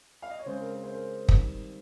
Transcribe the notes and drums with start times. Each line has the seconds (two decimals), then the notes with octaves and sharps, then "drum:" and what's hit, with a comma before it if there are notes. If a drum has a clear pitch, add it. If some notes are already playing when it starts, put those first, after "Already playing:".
0.22 F5
0.30 D#5
0.39 C#5
0.46 C#3 G#3 C4 C5
0.60 A#4
0.74 A#4
0.84 C5
0.94 A#4
1.29 D#3 G3 C4, drum: kick